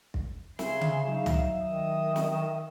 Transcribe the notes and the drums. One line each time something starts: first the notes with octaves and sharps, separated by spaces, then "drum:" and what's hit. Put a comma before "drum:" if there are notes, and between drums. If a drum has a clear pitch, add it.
drum: kick
C#3 G#4 E5 C6, drum: snare
drum: tom C#3
F#3 D#4 F5
drum: tom
D#3 D#5 D#6
drum: snare